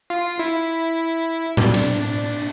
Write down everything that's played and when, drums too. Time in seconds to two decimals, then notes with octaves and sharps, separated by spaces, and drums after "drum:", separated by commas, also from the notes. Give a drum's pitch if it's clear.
0.10 F4
0.39 E4
1.57 D4, drum: tom
1.74 drum: cymbal
2.01 D4